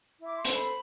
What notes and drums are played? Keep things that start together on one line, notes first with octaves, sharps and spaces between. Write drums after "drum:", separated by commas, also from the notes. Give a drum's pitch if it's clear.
E4
D6
C6
A4 C5, drum: hi-hat
B5